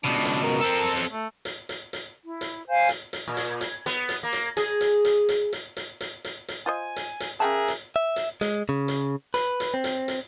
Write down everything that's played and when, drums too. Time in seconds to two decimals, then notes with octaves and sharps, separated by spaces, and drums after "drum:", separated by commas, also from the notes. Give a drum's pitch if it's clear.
0.04 C#2 B2 D4
0.25 drum: hi-hat
0.44 A#4
0.61 C4 A4
0.97 drum: hi-hat
1.12 A3
1.45 drum: hi-hat
1.69 drum: hi-hat
1.93 drum: hi-hat
2.24 E4
2.41 drum: hi-hat
2.69 C5 F5 G#5
2.89 drum: hi-hat
3.13 drum: hi-hat
3.28 A#2
3.37 drum: hi-hat
3.61 drum: hi-hat
3.86 B3, drum: hi-hat
4.09 drum: hi-hat
4.23 A#3
4.33 drum: hi-hat
4.57 G#4, drum: hi-hat
4.81 drum: hi-hat
5.05 drum: hi-hat
5.29 drum: hi-hat
5.53 drum: hi-hat
5.77 drum: hi-hat
6.01 drum: hi-hat
6.24 drum: hi-hat
6.48 drum: hi-hat
6.66 F4 C5 D#5 G#5
6.96 drum: hi-hat
7.20 drum: hi-hat
7.40 C#3 G#4 A#4 E5 G5 A5 F#6
7.68 drum: hi-hat
7.96 E5
8.16 drum: hi-hat
8.41 G#3, drum: hi-hat
8.69 C#3
8.88 drum: hi-hat
9.34 B4, drum: hi-hat
9.60 drum: hi-hat
9.74 C4
9.84 drum: hi-hat
10.08 drum: hi-hat